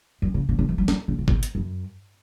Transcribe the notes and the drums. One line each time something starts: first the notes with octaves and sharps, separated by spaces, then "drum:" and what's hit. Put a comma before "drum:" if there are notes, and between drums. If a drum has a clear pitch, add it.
F#2
C#3
C#3
D3
E3
F#3
F#3, drum: snare
D3
C#3
B2, drum: kick
drum: hi-hat
F#2